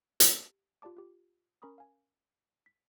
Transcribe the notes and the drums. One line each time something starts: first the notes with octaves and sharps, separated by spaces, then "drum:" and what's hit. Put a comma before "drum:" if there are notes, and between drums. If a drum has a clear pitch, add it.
G4, drum: hi-hat
F4 G4 D5 A5 D6
F4 G4
C#4 A#4 A#5 B5 C#6 D#6
F5 G#5
B6